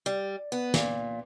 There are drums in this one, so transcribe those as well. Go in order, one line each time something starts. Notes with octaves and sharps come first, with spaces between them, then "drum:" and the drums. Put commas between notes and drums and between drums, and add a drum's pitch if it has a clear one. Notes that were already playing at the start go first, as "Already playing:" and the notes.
G3
B3
A#2, drum: snare